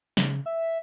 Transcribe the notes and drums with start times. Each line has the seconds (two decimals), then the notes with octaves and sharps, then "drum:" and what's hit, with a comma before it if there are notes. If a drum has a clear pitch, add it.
0.17 C#3, drum: snare
0.46 E5